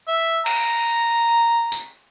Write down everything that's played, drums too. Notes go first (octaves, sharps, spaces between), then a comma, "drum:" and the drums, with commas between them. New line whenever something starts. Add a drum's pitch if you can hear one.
E5
A#5, drum: cymbal
drum: tambourine